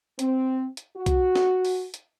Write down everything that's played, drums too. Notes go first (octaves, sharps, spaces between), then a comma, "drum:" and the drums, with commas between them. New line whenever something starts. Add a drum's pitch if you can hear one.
C4, drum: hi-hat
drum: hi-hat
F#4
drum: kick, hi-hat
drum: snare
drum: open hi-hat
drum: hi-hat